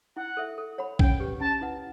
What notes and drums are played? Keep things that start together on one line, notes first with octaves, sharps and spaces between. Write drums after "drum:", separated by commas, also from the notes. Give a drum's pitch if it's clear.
E4 F#5
A4 E5
A4
C#5 F#5 B5
C#4 G5, drum: kick A#1
G4 B4
C#4 A5
E4 B4 F#5